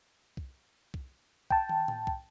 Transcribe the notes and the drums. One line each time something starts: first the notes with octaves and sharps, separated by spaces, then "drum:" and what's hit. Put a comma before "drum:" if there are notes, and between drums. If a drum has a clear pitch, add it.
drum: kick
drum: kick
G5 A5, drum: kick
drum: tom
drum: tom A2
drum: kick